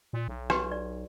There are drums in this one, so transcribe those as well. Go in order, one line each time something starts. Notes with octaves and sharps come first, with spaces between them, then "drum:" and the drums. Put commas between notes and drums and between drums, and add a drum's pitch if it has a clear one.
A#2
B1
F#4 G4 B4, drum: rim click
D5